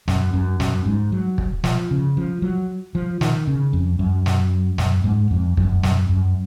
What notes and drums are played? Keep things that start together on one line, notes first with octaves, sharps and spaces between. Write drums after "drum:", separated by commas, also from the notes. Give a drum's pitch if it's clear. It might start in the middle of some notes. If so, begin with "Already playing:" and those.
F#2, drum: snare
F#2
F#2, drum: snare
G#2
F#3
drum: kick
F3, drum: snare
C#3
F3
F#3
F3
D#3, drum: snare
C#3
F2
F#2
drum: snare
F#2, drum: snare
G#2
F2
F#2, drum: kick
F#2, drum: snare
F#2